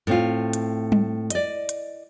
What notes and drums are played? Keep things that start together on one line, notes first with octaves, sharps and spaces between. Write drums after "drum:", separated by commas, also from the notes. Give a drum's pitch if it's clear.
A2 C4 F4
drum: hi-hat
drum: tom G3
D5 D#5, drum: hi-hat
drum: hi-hat